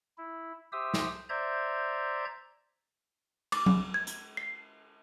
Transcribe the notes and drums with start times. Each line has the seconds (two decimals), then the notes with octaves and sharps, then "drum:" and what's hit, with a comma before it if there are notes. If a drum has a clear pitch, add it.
0.18 E4
0.72 G4 C5 E5 D#6 E6
0.94 drum: snare
1.29 C5 D5 E5 A#5 G6 G#6
3.52 D6, drum: cymbal
3.66 drum: tom F#3
3.94 G#6
4.07 drum: hi-hat
4.37 C7